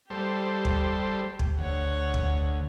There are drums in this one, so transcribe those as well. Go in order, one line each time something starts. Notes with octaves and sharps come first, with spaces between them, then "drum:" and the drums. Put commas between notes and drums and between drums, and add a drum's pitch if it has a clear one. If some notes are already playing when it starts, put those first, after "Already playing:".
G3 G4 A4 C5
drum: kick
drum: kick
D2 C#5 F#5
drum: kick